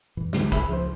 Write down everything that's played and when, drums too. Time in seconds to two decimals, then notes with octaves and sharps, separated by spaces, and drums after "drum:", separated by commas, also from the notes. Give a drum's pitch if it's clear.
0.17 F#2 A#2 E3
0.33 D2 G#2 D3 C4, drum: snare
0.52 C#2 G#4 E5 B5, drum: kick, hi-hat
0.69 F3 C5